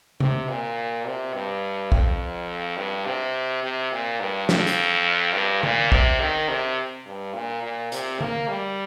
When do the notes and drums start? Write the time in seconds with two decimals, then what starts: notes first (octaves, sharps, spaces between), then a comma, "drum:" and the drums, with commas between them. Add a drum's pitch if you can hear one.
0.20 C3, drum: tom C3
0.49 A#2
1.06 C3
1.34 G2
1.92 F2, drum: kick
2.77 G2
3.06 C3
3.63 C3
3.92 A#2
4.21 G2
4.49 F2, drum: snare
4.67 drum: hi-hat
5.34 G2
5.63 A#2, drum: tom D3
5.92 C3, drum: kick
6.20 D#3
6.49 C3
7.06 G2
7.34 A#2
7.63 A#2
7.92 C3, drum: hi-hat
8.21 A#3, drum: tom D3
8.48 G3